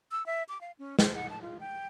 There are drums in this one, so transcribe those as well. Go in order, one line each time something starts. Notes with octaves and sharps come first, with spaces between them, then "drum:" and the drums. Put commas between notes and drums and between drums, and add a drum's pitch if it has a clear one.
E6
E5
D6
F5
C#4
C5, drum: snare
F#5
A5
F4
G5